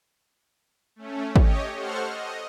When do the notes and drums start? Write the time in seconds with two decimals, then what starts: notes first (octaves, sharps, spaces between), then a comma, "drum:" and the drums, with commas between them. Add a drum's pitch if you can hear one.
0.96 A3 C#4
1.36 G4 C#5 D#5, drum: kick
1.73 A4 C5 F#5 C#6 F6
2.10 D#5